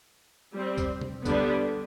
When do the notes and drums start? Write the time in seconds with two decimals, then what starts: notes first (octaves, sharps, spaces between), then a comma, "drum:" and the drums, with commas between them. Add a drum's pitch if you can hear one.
0.54 G3 C4
0.78 drum: kick, tambourine
1.01 drum: tom B2
1.25 D3 G3 B3 D4, drum: kick, tambourine